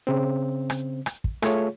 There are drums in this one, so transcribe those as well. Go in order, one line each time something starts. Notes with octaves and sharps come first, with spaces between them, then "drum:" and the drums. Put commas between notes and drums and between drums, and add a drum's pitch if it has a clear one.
C#3 C4
drum: rim click
drum: rim click
drum: kick
A3 F4 G#4 C#5, drum: rim click